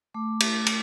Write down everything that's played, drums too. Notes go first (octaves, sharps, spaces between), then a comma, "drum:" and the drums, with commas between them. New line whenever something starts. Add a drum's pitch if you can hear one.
A3 D6
drum: cymbal
drum: cymbal